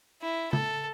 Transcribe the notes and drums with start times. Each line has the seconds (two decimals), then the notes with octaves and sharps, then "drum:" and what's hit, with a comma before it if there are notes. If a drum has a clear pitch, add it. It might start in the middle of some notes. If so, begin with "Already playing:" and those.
0.22 E4
0.53 A4, drum: tom C#3